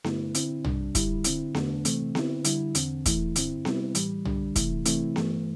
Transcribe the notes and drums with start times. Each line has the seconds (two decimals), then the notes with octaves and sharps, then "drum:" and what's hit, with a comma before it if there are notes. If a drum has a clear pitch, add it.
0.04 G2 D3 A3 E4, drum: snare B3
0.35 D3 C4 E4, drum: hi-hat
0.64 C3 G3 D4, drum: tom
0.95 G2 D3 G3 E4, drum: kick, hi-hat
1.24 D3 C4 E4, drum: hi-hat
1.55 E2 D3 A3 D4, drum: snare B3
1.85 C3 E3 A3 C4, drum: hi-hat
2.15 D3 C4 E4, drum: snare B3
2.45 D3 G3 E4, drum: hi-hat
2.75 E2 D3 C4, drum: hi-hat
3.06 E2 E3 A3 E4, drum: kick, hi-hat
3.36 G2 D3 C4 E4, drum: hi-hat
3.65 C3 G3 C4 E4, drum: snare B3
3.95 A2 E3 G3, drum: hi-hat
4.25 D3 G3 D4, drum: tom
4.56 C3 E3 A3 E4, drum: kick, hi-hat
4.86 C3 E3 A3 C4 E4, drum: hi-hat
5.16 G2 E3 A3, drum: snare B3